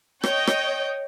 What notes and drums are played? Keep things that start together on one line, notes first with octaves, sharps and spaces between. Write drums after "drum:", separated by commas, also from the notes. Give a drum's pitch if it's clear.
C#5 D#5 G5 G6, drum: rim click
drum: rim click